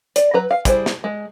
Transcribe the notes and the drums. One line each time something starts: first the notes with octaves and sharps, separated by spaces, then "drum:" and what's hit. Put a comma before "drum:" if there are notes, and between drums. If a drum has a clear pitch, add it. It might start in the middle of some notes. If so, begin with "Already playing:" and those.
D5, drum: hi-hat
F#3 B4 A#5
F5
G3 E4 G#4 C5, drum: kick, hi-hat
drum: snare
G#3